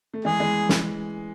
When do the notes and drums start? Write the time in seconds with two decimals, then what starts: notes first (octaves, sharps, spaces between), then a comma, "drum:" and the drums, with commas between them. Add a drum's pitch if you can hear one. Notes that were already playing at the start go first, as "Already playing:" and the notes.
0.14 A3
0.25 E3 G#3 G#4
0.40 E3 G#3
0.69 drum: snare